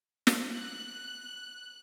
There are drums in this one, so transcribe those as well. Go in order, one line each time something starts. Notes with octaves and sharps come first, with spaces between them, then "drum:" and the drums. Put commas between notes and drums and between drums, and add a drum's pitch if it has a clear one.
drum: snare
F#6